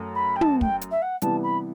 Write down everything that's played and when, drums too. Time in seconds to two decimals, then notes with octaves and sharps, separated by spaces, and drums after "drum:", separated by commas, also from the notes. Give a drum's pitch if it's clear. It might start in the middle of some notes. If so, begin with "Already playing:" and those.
Already playing: F#2 F#3 A3
0.14 B5
0.36 G5
0.41 A5, drum: tom
0.61 G5, drum: kick
0.81 drum: hi-hat
0.91 E5
1.01 F#5
1.22 C3 E3 G3 B3 A5, drum: hi-hat
1.43 B5